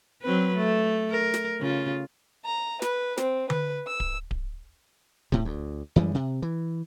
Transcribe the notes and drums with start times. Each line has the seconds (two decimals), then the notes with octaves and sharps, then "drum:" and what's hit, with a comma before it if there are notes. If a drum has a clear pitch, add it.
0.22 F#3 C4 B4
0.56 A3
1.11 A#4
1.34 drum: snare
1.61 C#3 F4
2.43 A#5
2.82 B4, drum: snare
3.18 C4, drum: snare
3.50 B4, drum: tom D3
3.86 E6
4.00 drum: kick D1
4.31 drum: kick D1
5.32 A2 C3, drum: kick D1
5.45 D2
5.96 F#2 E3 G3 G#3
6.15 C3
6.42 E3